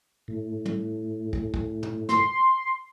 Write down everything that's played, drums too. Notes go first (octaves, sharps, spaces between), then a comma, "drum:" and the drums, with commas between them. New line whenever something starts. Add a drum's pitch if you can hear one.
A2
drum: tom
drum: kick
drum: kick
drum: tom
C6, drum: snare